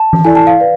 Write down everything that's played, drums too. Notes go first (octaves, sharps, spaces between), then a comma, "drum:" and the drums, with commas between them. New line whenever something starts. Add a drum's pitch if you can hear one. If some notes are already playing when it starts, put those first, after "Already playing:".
Already playing: A5
drum: tom E3
E4 A4 D5 G#5
A5
F5
B4 D5